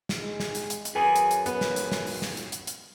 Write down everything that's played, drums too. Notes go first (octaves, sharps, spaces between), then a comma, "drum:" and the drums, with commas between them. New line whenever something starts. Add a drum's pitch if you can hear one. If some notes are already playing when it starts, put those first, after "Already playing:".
drum: snare
G#3
drum: snare
drum: hi-hat
drum: hi-hat
drum: hi-hat
F#2 G#4 B4 G#5
drum: hi-hat
drum: hi-hat
B3, drum: hi-hat
drum: snare
drum: hi-hat
drum: snare
drum: open hi-hat
drum: snare
drum: hi-hat
drum: hi-hat
drum: hi-hat